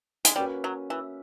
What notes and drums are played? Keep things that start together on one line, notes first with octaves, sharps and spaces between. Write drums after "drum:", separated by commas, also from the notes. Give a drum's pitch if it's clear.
G#3, drum: hi-hat
G3 A#3 C#4 F#4 B4
F#3
E3